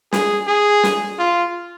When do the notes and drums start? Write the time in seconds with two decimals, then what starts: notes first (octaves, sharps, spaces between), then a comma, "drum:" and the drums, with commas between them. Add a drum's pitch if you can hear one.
0.13 G#4, drum: snare
0.48 G#4
0.83 drum: snare
1.19 F4